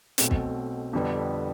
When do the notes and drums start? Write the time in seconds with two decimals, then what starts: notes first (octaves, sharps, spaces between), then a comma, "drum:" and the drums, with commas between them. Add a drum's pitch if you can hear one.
0.18 B1 B2 A3 C4, drum: hi-hat
0.31 drum: kick
0.93 F2 D3 G3 B3